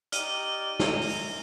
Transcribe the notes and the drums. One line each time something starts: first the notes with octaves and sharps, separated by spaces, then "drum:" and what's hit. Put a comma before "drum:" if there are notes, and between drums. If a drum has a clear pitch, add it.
D#4 G4 D5 F6 D#7, drum: hi-hat
F#2 A4 A#5, drum: snare
drum: open hi-hat